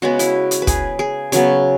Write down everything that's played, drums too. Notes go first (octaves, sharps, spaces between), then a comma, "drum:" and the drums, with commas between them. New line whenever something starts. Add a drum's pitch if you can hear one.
C#3 G#3 B3 F#4
E4, drum: hi-hat
drum: hi-hat
B4
G#4, drum: kick, hi-hat
G#4
C#3 F#3 B3, drum: hi-hat